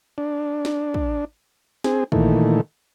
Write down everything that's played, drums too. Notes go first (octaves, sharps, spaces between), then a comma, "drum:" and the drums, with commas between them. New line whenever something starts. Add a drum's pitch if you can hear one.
D4
drum: snare
drum: kick
C4 G#4, drum: snare
A#2 D#3 E3 A3, drum: kick